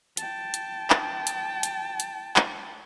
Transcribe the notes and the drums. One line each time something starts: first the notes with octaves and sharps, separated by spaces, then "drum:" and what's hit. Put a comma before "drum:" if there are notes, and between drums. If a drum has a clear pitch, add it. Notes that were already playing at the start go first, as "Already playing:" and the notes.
G5 A5, drum: hi-hat
drum: hi-hat
drum: clap
drum: hi-hat
drum: hi-hat
drum: hi-hat
drum: clap